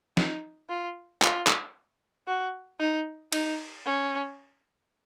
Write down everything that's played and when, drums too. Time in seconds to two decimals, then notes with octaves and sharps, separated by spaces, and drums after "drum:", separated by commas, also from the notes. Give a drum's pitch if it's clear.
0.17 D#4, drum: snare
0.70 F4
1.22 F4, drum: clap
1.47 drum: clap
2.28 F#4
2.80 D#4
3.32 D#4, drum: cymbal
3.86 C#4